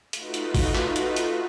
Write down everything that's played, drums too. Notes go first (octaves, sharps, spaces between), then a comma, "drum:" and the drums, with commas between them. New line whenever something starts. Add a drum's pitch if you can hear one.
A3 D#4 F4 F#4 B4, drum: hi-hat
drum: hi-hat
drum: kick G#1, open hi-hat
drum: clap
drum: hi-hat
drum: hi-hat